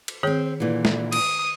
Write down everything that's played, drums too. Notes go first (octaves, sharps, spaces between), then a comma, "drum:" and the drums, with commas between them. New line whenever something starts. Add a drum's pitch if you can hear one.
drum: cymbal
D#3 C4 G#4 C#5 G5
A#2 D3 E3
drum: snare
D#6, drum: cymbal